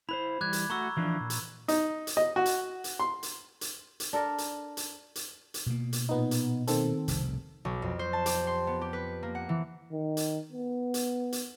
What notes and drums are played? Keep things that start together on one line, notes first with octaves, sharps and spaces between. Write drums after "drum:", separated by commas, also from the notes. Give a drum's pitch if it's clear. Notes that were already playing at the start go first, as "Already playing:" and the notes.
E4 B4 C5 B5
E3 G3 D6 F#6 G#6
drum: hi-hat
A3 F#4 A#5 C#6 E6
E3 F3 D4
A#2
drum: hi-hat
D#4, drum: hi-hat
drum: hi-hat
D#5
F#4
drum: hi-hat
drum: hi-hat
C6
drum: hi-hat
drum: hi-hat
drum: hi-hat
D4 A4 A#4
drum: hi-hat
drum: hi-hat
drum: hi-hat
drum: hi-hat
B2 A#3
drum: hi-hat
A#2 B3 D#4
drum: hi-hat
D#3 C4 A4, drum: hi-hat
F1 C2 B2, drum: hi-hat
B1
F2
C5
A5
G4, drum: hi-hat
C6
B3
G4
B4
A#3
F#5
E3
D#3
drum: hi-hat
B3
drum: hi-hat
drum: hi-hat